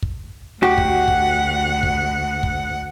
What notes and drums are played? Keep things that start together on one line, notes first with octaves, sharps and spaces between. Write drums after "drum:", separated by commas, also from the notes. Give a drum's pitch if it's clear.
drum: kick
D2 F#4 G4 F#5
drum: kick
drum: kick
drum: kick
drum: kick